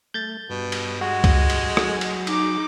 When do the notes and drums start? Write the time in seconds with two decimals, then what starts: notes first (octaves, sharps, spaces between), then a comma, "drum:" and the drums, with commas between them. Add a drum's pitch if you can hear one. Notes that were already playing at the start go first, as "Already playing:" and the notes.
0.14 A3 G6 A6
0.50 G2 B2
0.72 drum: cymbal
1.01 G#3 F#4
1.24 drum: kick C#2, cymbal
1.50 drum: cymbal
1.77 F#3 G#4, drum: rim click
2.01 drum: cymbal
2.27 D#4 D6, drum: cymbal